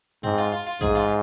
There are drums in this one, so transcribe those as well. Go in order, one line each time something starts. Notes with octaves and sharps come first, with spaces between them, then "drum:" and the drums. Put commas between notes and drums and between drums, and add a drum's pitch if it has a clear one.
G#2 C4, drum: tom F2
F4
F4
F4
G#2 G#4, drum: kick
F4